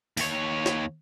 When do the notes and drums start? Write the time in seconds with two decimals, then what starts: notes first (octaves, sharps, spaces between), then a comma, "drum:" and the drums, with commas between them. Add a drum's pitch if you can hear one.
0.17 D#2 C#5, drum: open hi-hat
0.66 drum: snare